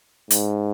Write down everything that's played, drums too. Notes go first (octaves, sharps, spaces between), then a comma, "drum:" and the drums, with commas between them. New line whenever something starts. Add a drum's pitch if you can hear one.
G#2, drum: hi-hat